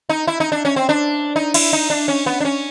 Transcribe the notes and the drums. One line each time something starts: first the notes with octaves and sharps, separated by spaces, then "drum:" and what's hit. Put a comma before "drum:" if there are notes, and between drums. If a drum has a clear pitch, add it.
D#4
E4
D#4
D4
C#4
C4
D4
D#4
E4, drum: cymbal
D#4
D4
C#4
B3
D4
C#4